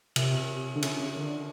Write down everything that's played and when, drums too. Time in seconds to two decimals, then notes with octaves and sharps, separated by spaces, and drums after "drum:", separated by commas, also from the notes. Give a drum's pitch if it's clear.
0.16 C3, drum: cymbal
0.75 D3
0.82 C#3, drum: cymbal
1.00 C#3
1.16 D3